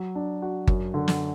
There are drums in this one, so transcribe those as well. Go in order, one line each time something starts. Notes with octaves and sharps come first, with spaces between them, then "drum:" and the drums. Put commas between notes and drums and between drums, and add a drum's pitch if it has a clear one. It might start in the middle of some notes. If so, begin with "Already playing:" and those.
Already playing: F#3
D4
F#4
F#2, drum: kick G1
D3
drum: snare